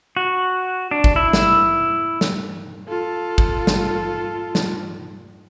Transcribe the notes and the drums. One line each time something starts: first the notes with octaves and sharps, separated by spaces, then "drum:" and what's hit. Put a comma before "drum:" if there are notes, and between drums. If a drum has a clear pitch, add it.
F#4
D4
drum: kick A1
E4
drum: snare
drum: snare
F4 A4
drum: kick A1
drum: snare
drum: snare